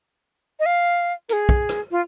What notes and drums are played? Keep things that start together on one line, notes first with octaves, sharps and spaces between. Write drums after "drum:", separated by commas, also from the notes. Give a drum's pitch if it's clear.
D#5
F5
A#4, drum: hi-hat
G#4
drum: kick
drum: rim click
F4